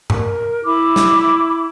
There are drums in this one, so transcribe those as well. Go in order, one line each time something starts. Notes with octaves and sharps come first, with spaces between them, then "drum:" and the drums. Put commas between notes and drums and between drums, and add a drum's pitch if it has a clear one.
A#4, drum: tom G2
E4 B5 D6
drum: snare